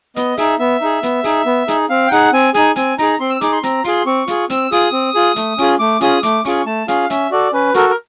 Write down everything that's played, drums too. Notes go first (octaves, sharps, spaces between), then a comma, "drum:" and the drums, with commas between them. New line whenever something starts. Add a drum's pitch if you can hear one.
B3 D#5, drum: hi-hat
D#4 G#4 E5, drum: open hi-hat
B3 E5
D#4 G#4
B3, drum: hi-hat
D#4 G#4, drum: open hi-hat
B3
D#4 G#4, drum: hi-hat
C4 F5
G5
D#4 G#4 F#5, drum: open hi-hat
C4 G#5
D#4 G#4 G#5, drum: hi-hat
C4 G#5, drum: hi-hat
D#4 G#4 A#5, drum: open hi-hat
C4 C6
E6
D#4 G#4 D6, drum: hi-hat
C6
C4 A#5, drum: hi-hat
F4 G#4 C6, drum: open hi-hat
C4 C#6
F4 G#4, drum: hi-hat
C4 E6, drum: hi-hat
F4 G#4 D#6, drum: open hi-hat
C4
F4 G#4
A3, drum: hi-hat
C#4 F4 G#4, drum: open hi-hat
A3 D6
C#4 F4 G#4 D#6, drum: hi-hat
A3 D6, drum: hi-hat
C#4 F4 G#4 C#6, drum: open hi-hat
A3 A5
C#4 F4 G#4 F5, drum: hi-hat
C#4 E5, drum: hi-hat
F#4 A4 D5
C#4 B4
F#4 A4 A#4, drum: hi-hat
A#4